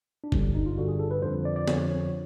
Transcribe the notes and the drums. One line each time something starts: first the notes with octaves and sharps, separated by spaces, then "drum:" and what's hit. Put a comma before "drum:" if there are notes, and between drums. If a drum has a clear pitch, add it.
D4
G2 D3 G3 C#4, drum: kick F#1
D#4
F4
G2 D3 G3 F#4
G#4
A4
B4
F2 D3 F3 C5
D5
D5
F2 D3 F3 C#5, drum: snare
C#5